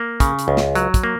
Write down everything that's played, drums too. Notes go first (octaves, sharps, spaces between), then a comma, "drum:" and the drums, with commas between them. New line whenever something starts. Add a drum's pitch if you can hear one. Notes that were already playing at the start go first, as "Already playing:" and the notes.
Already playing: A#3
C#3, drum: kick, hi-hat
drum: hi-hat
C#2
drum: snare
F#3, drum: hi-hat
drum: kick, hi-hat
A#3